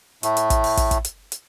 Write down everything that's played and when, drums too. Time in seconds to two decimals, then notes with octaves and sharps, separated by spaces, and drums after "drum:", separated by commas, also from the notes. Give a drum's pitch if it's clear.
0.23 A2 A3, drum: hi-hat
0.37 drum: hi-hat
0.50 drum: kick, hi-hat
0.64 drum: open hi-hat
0.77 drum: kick, hi-hat
0.91 drum: kick, hi-hat
1.05 drum: hi-hat
1.32 drum: hi-hat